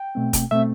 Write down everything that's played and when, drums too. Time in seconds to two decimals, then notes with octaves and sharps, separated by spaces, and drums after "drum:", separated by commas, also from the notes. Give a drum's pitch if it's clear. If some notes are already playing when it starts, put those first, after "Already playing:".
Already playing: G5
0.15 B2 A3 C4
0.33 drum: kick, hi-hat
0.51 B2 A3 C4 E5